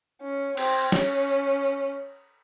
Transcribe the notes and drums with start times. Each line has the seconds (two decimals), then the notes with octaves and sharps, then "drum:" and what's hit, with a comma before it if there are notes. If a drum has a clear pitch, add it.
0.21 C#4
0.57 C4, drum: cymbal
0.92 C#4, drum: snare